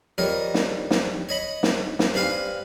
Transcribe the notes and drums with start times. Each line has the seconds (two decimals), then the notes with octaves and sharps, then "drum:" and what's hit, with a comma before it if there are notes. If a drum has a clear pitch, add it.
0.18 F2 G3 A#4 C#5 D#5
0.54 drum: snare
0.91 drum: snare
1.29 C#5 D#5 B5
1.63 drum: snare
1.99 drum: snare
2.14 G2 C4 B4 F5 G#5